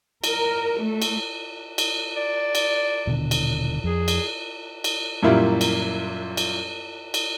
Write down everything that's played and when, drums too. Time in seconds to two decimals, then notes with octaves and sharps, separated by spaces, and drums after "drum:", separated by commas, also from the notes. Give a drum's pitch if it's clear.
0.24 A#4, drum: cymbal
0.82 A3
1.02 drum: cymbal
1.78 drum: cymbal
2.16 D5
2.55 drum: cymbal
3.07 D#1 B2 D3
3.31 drum: cymbal
3.84 F2 G#4
4.08 drum: cymbal
4.84 drum: cymbal
5.23 F#2 A#2 G3 A#3 E4 F4
5.61 drum: cymbal
6.37 drum: cymbal
7.14 drum: cymbal